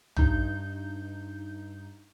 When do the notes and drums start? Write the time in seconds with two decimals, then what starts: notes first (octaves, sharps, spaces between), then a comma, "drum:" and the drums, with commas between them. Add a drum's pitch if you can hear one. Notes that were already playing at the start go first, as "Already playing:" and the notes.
0.16 G2 D#4 G6, drum: tom